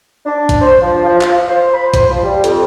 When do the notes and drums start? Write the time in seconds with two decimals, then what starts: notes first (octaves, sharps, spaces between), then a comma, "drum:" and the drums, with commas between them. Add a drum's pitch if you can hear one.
0.24 D4
0.49 drum: kick, hi-hat
0.62 C5
0.82 F3
1.05 F3
1.21 F4, drum: clap
1.50 C5
1.74 B5
1.94 C5, drum: kick, hi-hat
2.10 F3
2.24 G3
2.44 F2, drum: hi-hat